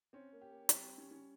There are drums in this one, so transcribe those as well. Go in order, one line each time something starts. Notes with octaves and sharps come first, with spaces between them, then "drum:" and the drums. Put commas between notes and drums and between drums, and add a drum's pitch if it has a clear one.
C4 C#4
A#3
G4
A#3
G3 C4, drum: hi-hat
C4
G3 C#4
C#4